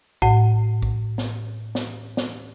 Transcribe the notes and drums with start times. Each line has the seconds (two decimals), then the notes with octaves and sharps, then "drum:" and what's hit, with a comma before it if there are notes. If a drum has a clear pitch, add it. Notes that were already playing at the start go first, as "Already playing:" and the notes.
0.22 A2 F#5, drum: kick
0.82 drum: kick
1.18 drum: snare
1.75 drum: snare
2.17 drum: snare